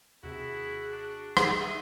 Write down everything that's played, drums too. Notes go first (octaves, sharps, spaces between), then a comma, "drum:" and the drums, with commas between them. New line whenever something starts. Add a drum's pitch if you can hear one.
D#2 C3 E4 F#4 G#4
D4
drum: rim click
D#4 E5 D#6